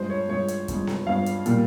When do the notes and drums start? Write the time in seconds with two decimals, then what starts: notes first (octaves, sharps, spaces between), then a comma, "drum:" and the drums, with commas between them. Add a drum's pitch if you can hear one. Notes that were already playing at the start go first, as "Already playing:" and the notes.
Already playing: G2 F3 G#3 C5
0.10 C#5
0.28 G2 F3 G#3 C#5
0.48 drum: hi-hat
0.68 G2 F3 G#3, drum: kick, hi-hat
0.87 drum: snare B3
1.07 G2 F3 G#3 F5
1.26 drum: hi-hat
1.46 A#2 G3, drum: hi-hat